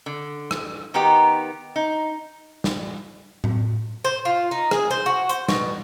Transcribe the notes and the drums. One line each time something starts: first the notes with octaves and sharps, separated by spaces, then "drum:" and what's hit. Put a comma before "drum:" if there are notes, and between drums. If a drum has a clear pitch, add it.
D3
drum: rim click
D#3 B3 D#4 G4
D#4
drum: snare
drum: tom A2
C5
F4
D#4
G#4, drum: rim click
C5
F#4
C5, drum: hi-hat
B2, drum: snare